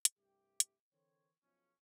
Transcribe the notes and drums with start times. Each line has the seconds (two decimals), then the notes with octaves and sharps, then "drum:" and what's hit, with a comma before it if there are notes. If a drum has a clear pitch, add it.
0.05 drum: hi-hat
0.17 C2 G2 G3 A3 G4
0.60 drum: hi-hat
0.93 D3 E3 C4 A#4 C5 C#5
1.42 B1 B2 F3 C#4